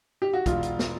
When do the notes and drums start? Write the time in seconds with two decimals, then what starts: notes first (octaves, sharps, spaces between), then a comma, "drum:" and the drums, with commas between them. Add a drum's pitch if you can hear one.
0.22 G4
0.33 F#4
0.46 E1 F4, drum: kick, hi-hat
0.63 drum: hi-hat
0.79 drum: snare